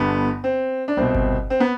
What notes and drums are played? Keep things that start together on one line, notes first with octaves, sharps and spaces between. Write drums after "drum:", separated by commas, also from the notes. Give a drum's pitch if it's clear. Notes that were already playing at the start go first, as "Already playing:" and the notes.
Already playing: G1 G2 D3 B3
C4
D4
C2 B2 C4
drum: kick G1
C4
B3